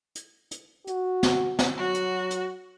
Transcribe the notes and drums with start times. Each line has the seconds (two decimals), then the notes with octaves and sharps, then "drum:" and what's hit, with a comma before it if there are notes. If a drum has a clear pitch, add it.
0.15 drum: hi-hat
0.51 drum: hi-hat
0.87 F#4, drum: hi-hat
1.23 drum: snare
1.59 drum: snare
1.77 F#3 F#4
1.94 drum: hi-hat
2.30 drum: hi-hat